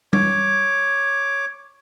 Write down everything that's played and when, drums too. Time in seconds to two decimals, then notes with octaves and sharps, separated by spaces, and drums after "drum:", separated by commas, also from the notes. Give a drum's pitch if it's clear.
0.13 C#5 D6, drum: tom G3